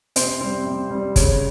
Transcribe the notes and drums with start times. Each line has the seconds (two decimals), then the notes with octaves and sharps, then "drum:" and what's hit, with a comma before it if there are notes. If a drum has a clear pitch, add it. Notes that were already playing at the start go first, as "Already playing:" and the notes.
0.16 C3 C5, drum: hi-hat
0.41 G3 C4
0.66 C3
0.91 G3 C4
1.16 C#3 C#5, drum: kick, hi-hat